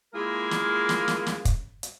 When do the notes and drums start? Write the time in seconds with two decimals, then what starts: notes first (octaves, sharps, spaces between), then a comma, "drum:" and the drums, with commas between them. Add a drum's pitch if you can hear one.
0.14 G#3 A#3 E4 F4 G#4 A#4
0.51 drum: snare
0.89 drum: snare
1.08 drum: snare
1.27 drum: snare
1.45 drum: kick, hi-hat
1.83 drum: hi-hat